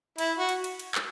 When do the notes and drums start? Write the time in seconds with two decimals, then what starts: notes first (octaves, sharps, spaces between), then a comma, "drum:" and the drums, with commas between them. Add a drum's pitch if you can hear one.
0.18 E4, drum: cymbal
0.38 F#4
0.49 drum: cymbal
0.64 drum: cymbal
0.79 drum: cymbal
0.95 drum: clap